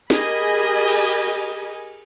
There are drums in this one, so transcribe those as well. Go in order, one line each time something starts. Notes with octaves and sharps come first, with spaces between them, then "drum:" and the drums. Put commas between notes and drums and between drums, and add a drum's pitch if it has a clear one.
G4 G#4 A#4 D#5 G#5 B5, drum: snare
drum: cymbal